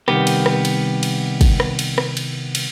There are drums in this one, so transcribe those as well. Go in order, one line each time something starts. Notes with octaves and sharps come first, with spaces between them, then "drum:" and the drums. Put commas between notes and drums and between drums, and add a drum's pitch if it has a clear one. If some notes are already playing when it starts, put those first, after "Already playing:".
C2 D#3 B3 G4, drum: rim click
drum: cymbal
drum: rim click
drum: cymbal
drum: cymbal
drum: kick, cymbal
drum: rim click
drum: cymbal
drum: rim click
drum: cymbal
drum: cymbal